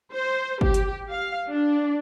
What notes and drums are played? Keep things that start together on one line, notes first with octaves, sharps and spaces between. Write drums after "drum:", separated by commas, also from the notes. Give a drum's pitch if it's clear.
C5
G4, drum: kick G1
drum: hi-hat
F5
D4